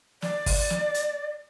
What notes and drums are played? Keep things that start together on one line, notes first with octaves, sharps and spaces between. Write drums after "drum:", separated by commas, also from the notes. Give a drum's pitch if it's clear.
D5, drum: snare
drum: kick, open hi-hat
drum: snare
drum: hi-hat